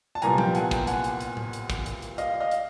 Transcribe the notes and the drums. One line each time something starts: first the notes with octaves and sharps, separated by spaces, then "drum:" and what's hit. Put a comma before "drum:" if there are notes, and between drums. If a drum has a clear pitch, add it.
A5
C2 A#2 G3 B3 G#5 A#5, drum: hi-hat
G5 A5, drum: tom F3
F#5 G#5, drum: hi-hat
G5 A5, drum: kick, hi-hat
F#5 G#5, drum: hi-hat
drum: hi-hat
drum: hi-hat
drum: tom A2
drum: hi-hat
drum: kick, hi-hat
drum: hi-hat
drum: hi-hat
D#5 F5, drum: hi-hat
D#5 F5
drum: hi-hat